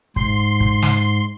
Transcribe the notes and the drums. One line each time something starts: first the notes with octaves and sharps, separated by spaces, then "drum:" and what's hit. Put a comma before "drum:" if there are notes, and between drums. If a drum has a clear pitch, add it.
G#2 C6, drum: kick
drum: kick
drum: snare